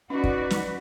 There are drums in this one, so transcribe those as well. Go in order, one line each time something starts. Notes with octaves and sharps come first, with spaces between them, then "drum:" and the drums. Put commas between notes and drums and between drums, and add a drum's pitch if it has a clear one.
C#4 D#4 F#4 B4 D5
drum: kick
drum: snare